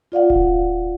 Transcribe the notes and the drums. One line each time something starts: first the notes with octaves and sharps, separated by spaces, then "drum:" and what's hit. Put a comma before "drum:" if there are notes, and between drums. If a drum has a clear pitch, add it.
F4 D5 F5 F#5
drum: kick D1